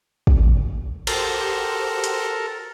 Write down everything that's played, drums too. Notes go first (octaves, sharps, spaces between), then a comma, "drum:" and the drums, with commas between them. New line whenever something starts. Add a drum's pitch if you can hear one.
drum: kick
F#4 G4 A4 A#4 C5, drum: cymbal
drum: hi-hat